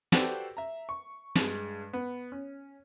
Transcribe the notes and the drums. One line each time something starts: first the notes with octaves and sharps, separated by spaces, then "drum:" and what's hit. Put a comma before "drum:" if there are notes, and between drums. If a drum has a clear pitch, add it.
F#4 G4 A4 B4 C5 D5, drum: snare
E5 A#5
C#6
G2 G#3, drum: snare
B3
C#4